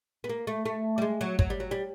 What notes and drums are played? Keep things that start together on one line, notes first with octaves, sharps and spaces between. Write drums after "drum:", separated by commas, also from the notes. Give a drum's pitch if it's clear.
B3
A#3
A3
A3
G3
G#3
F#3
F#3, drum: kick
G3
F#3
G3